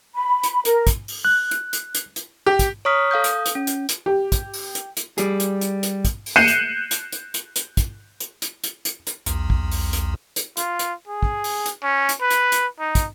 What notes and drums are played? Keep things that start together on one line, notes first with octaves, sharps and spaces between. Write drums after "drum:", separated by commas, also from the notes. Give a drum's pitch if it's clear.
B5
drum: hi-hat
A#4, drum: hi-hat
drum: kick, hi-hat
drum: open hi-hat
F#6
drum: hi-hat
drum: hi-hat
drum: hi-hat
drum: hi-hat
G4
drum: kick, hi-hat
C#5 A#5 C#6 D#6 F6 B6
A4 F5 D#6 G6
drum: hi-hat
drum: hi-hat
C#4
drum: hi-hat
drum: hi-hat
G4
drum: kick, hi-hat
drum: open hi-hat
drum: hi-hat
drum: hi-hat
G3 G#4, drum: hi-hat
drum: hi-hat
drum: hi-hat
drum: hi-hat
drum: kick, hi-hat
drum: open hi-hat
F#6 G6 C7 C#7 D#7 E7
drum: hi-hat
drum: hi-hat
drum: hi-hat
drum: hi-hat
drum: hi-hat
drum: kick, hi-hat
drum: hi-hat
drum: hi-hat
drum: hi-hat
drum: hi-hat
drum: hi-hat
B1 E2, drum: hi-hat
drum: kick
drum: open hi-hat
drum: hi-hat
drum: hi-hat
F4, drum: hi-hat
drum: hi-hat
G#4
drum: kick
drum: open hi-hat
drum: hi-hat
C#4
drum: hi-hat
B4
drum: hi-hat
drum: hi-hat
D#4
drum: kick, hi-hat